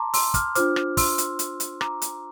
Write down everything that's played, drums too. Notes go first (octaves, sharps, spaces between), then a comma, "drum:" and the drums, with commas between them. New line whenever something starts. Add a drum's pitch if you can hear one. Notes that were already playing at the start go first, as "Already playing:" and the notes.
Already playing: A5 A#5 C6 D6
C6 E6, drum: open hi-hat
D6 F6, drum: kick, hi-hat
D4 F4 C5 D6 F6, drum: hi-hat
drum: rim click
C6 E6, drum: kick, open hi-hat
drum: hi-hat
drum: hi-hat
drum: hi-hat
A#5 D6, drum: rim click
drum: hi-hat